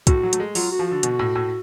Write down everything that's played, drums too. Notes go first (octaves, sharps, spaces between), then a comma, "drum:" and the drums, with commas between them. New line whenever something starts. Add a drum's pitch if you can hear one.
A2 F#4, drum: kick, hi-hat
F#3
A3, drum: hi-hat
G#3
F#3 F4, drum: open hi-hat
F#4
F3
D3 F#4
B2, drum: hi-hat
A2
A2